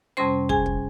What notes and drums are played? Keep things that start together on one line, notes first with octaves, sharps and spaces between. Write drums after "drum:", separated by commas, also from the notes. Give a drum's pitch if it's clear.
F2 C3 G3 C#4 C5 C6
G#4 G#5, drum: kick
drum: kick